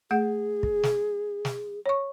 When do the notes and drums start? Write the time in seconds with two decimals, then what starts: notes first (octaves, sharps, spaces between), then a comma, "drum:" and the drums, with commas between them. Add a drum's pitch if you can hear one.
0.11 A3 G#4 F#5
0.63 drum: kick
0.83 drum: snare
1.45 drum: snare
1.86 C#5 C#6